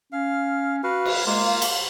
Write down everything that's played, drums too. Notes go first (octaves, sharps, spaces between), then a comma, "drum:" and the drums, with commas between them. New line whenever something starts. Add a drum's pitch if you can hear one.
C#4 F5
F#4 B4 F5
drum: cymbal
G#3 A#3 F4
F5
drum: cymbal